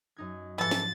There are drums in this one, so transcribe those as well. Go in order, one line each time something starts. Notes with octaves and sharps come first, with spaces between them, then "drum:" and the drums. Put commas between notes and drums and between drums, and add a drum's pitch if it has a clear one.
F#2 D#4 G#6
G#2 E3 F3 A4 A6
drum: snare